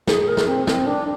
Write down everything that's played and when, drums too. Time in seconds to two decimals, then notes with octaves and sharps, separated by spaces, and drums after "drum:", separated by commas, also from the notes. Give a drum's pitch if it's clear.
0.08 G#4, drum: snare
0.28 A#4
0.37 drum: snare
0.47 C4
0.67 C4, drum: snare
0.86 D4